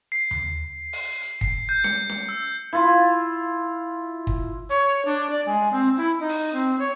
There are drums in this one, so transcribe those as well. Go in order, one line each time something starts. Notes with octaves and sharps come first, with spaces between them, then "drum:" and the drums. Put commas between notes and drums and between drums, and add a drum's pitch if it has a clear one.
C7
drum: tom D#2
drum: open hi-hat
drum: hi-hat
C7, drum: kick
G6
C#7, drum: snare C#4
drum: snare C#4
E6
E4 F4
drum: kick
C#5
D4
D5
G#3
C4
E4
D#4
drum: open hi-hat
C4
C#5